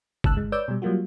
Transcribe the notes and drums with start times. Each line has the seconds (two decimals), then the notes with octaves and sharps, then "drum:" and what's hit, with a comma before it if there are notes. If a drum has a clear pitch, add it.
0.24 C#2 G#2 C#3 A5 E6 F#6, drum: kick
0.36 G1 G#3
0.52 B4 C#5 D5 D6 E6 G6
0.68 B2 G3
0.82 F#3 G3 A#3 F4 F#4